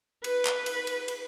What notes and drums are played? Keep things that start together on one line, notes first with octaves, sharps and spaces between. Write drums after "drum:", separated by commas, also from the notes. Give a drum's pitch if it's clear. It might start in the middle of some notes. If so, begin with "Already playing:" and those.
B4, drum: cymbal
drum: clap
drum: cymbal
drum: cymbal
drum: cymbal